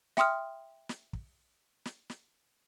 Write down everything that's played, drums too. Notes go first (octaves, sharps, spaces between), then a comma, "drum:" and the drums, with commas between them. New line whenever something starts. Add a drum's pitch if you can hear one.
E5 G5 C6 D#6 F6, drum: snare
drum: snare
drum: kick
drum: snare
drum: snare